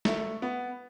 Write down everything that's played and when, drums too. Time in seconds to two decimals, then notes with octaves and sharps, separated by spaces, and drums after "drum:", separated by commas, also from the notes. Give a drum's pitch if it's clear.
0.05 A3, drum: snare
0.42 B3